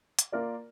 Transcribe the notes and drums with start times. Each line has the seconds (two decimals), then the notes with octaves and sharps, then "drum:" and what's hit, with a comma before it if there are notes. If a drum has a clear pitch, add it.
0.19 drum: hi-hat
0.32 A#3 F4 A#4 D5